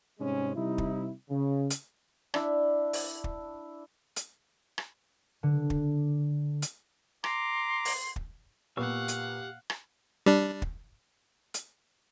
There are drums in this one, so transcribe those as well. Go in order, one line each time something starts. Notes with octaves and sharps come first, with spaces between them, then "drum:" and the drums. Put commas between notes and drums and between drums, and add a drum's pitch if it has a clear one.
G#2 C3 G3 G#3 C#4
C3 G3 D#4 E4
drum: kick
C#3
drum: hi-hat
D4 E4, drum: rim click
drum: open hi-hat
drum: kick
drum: hi-hat
drum: rim click
D3
drum: kick
drum: hi-hat
A#5 C6 D6, drum: rim click
drum: open hi-hat
drum: kick
A#2 B3 G4 F5 F#5 C#6 E6
drum: hi-hat
drum: rim click
G3 D4
drum: kick
drum: hi-hat